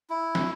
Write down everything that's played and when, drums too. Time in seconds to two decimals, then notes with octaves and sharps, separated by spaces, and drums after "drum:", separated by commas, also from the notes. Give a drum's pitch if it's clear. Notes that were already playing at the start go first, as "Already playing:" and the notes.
0.10 E4
0.35 drum: snare